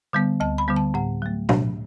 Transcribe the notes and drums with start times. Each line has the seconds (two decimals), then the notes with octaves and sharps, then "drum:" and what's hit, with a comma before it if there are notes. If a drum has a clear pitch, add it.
0.13 D3 G3 B3
0.40 D2 A5
0.58 B5
0.68 D3 G3 B3
0.76 A5
0.94 A2 F#5
1.22 F#3 A3
1.49 A2, drum: tom B2